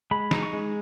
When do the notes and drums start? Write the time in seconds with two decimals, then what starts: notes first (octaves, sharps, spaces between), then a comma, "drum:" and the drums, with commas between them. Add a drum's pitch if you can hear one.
0.11 G#3 B5
0.31 D#4, drum: snare
0.43 C#6
0.53 G#3